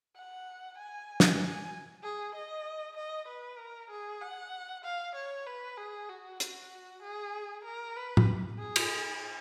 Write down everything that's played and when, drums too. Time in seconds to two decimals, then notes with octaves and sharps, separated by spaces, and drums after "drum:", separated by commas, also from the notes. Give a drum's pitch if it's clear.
0.16 F#5
0.78 G#5
1.20 drum: snare
1.41 G#5
2.03 G#4
2.35 D#5
2.97 D#5
3.28 B4
3.59 A#4
3.90 G#4
4.22 F#5
4.84 F5
5.15 C#5
5.47 B4
5.78 G#4
6.09 F#4
6.40 F#4, drum: hi-hat
7.02 G#4
7.65 A#4
7.96 B4
8.17 drum: tom A2
8.58 G#4
8.76 drum: cymbal